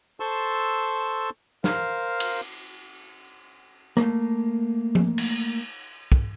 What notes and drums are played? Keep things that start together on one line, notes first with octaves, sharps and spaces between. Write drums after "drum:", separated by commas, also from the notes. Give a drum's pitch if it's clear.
A4 C5 A5 C6 C#6 E6
A#4 C5 F5, drum: snare
drum: cymbal
A3 A#3, drum: rim click
drum: tom F3
drum: cymbal
drum: kick